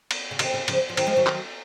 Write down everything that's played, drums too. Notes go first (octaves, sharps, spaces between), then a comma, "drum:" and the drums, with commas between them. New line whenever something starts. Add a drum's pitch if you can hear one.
drum: cymbal
C#3
C3 D#3, drum: cymbal
C#3
C#3 F3, drum: cymbal
F3
D#3 F#3, drum: cymbal
F3 G#3
D#3 F#3
drum: clap